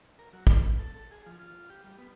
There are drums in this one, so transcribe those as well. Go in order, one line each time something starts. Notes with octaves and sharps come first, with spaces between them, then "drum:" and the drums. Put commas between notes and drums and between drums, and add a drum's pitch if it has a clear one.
A#4
F#3
F3, drum: kick
B2
A4
A4
G#4
F3
F4
G4
G3
B3